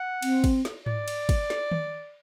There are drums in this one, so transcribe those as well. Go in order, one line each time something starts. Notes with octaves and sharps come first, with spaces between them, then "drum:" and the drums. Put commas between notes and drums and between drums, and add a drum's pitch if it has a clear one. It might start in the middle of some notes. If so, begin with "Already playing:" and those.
Already playing: F#5
C4, drum: cymbal
drum: kick, cymbal
drum: snare
D5, drum: tom G#2
drum: cymbal
drum: kick, cymbal
drum: snare
drum: tom D#3